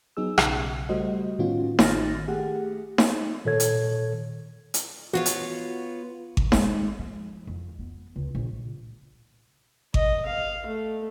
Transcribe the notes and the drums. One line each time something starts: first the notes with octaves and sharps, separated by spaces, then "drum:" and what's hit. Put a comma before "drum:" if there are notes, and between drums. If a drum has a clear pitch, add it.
F#3 B3 D#4 G#4 E6
B1 C#3, drum: rim click
G3 A3 F#4 C5 D#5
A2 D#3 B3 C#4 F4 F#4
A1 D#3 F6 A6 A#6, drum: snare D#4
A3 G4 G#4 F#5
drum: snare D#4
A#2 D#3 A4 C#5 G#6
drum: hi-hat
drum: hi-hat
B3 F4 F#4 C#5
drum: hi-hat
D#3, drum: kick G#1
G#3, drum: snare D#4
F3
F2
B3
C#2
A#1
D#5, drum: kick G#1
F5
A3